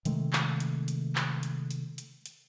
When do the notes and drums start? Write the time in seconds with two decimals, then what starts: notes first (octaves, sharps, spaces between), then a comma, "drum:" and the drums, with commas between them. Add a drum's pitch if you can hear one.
0.05 C3 D#3 G#3 A3, drum: hi-hat
0.33 drum: clap
0.60 drum: hi-hat
0.88 drum: hi-hat
1.15 drum: clap
1.43 drum: hi-hat
1.71 drum: hi-hat
1.98 drum: hi-hat
2.26 drum: hi-hat